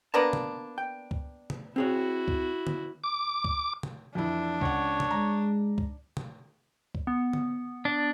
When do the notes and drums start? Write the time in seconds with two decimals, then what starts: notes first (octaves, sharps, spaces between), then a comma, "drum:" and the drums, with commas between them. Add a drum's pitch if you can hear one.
0.14 A#3 B3 D4 A5 A#5
0.33 drum: tom
0.78 G5
1.11 drum: kick C#2
1.50 drum: tom
1.76 C4 E4 F#4 G#4 C#5
2.28 drum: kick C#2
2.67 drum: tom D3
3.04 D6
3.44 drum: kick C#2
3.83 drum: tom
4.15 F2 E3 D4 E4
4.61 C#2 C#3 C#5 F#5, drum: kick C#2
5.00 drum: tom
5.11 G#3 A#5
5.78 drum: kick C#2
6.17 drum: tom
6.95 drum: kick C#2
7.07 B3
7.33 drum: tom D3
7.85 D4